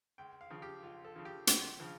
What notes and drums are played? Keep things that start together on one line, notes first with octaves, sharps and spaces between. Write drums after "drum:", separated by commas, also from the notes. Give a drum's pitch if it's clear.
C#2 G5
F5
C#3 F3
G4
C#2 F4
A4
C#3 F3
G4
C#2, drum: hi-hat
C#3 F3